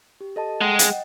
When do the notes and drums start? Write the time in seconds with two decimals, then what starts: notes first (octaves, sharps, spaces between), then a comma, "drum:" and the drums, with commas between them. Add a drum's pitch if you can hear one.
0.21 G4
0.36 A4 D#5 A5
0.61 G#3 F#5 G5
0.79 D#5, drum: hi-hat